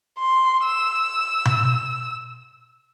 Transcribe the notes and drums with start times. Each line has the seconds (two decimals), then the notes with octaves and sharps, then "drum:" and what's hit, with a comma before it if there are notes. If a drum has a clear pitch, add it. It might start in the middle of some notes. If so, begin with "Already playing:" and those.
0.19 C6
0.65 E6
1.45 drum: tom B2